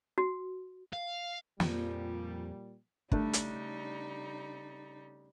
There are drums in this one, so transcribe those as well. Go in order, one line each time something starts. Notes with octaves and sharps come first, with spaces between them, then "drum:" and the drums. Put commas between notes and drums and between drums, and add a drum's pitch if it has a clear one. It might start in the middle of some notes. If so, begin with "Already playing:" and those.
F#4
F5
F2 A#2 F3 G3, drum: snare
C#3 G3 A3 D4 D#4, drum: kick
drum: hi-hat